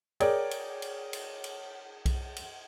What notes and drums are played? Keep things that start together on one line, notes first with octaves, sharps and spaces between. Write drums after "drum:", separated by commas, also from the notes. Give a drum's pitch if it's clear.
G#4 A#4 C#5 D5 G5, drum: cymbal
drum: cymbal
drum: cymbal
drum: cymbal
drum: cymbal
drum: kick B1, cymbal
drum: cymbal